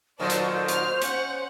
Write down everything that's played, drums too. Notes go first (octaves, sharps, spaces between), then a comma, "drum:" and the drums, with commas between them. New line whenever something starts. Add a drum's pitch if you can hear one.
A#2 D#3 F#3 A4 C5 D5
drum: hi-hat
F6 F7, drum: hi-hat
C#4 F#5, drum: hi-hat